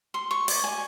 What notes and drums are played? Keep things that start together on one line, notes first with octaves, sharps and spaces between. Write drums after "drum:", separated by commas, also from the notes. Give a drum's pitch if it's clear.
C6
C#6
D5, drum: open hi-hat
G#5